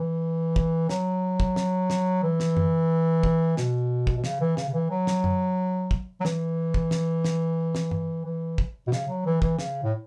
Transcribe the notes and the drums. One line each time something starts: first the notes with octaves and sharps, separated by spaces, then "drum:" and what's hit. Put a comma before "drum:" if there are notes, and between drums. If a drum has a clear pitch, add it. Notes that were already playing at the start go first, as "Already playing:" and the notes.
Already playing: E3
drum: kick
F#3, drum: snare
drum: kick
drum: snare
drum: snare
E3
drum: snare
drum: tom F#2
drum: kick
B2, drum: snare
drum: kick
B2
C#3, drum: snare
E3
C#3, drum: snare
C#3
E3
F#3
drum: snare
drum: tom F#2
drum: kick
F#3
E3, drum: snare
drum: kick
drum: snare
drum: snare
drum: snare
drum: tom G2
E3
drum: kick
B2
C#3, drum: snare
F#3
E3
E3, drum: kick
C#3, drum: snare
A2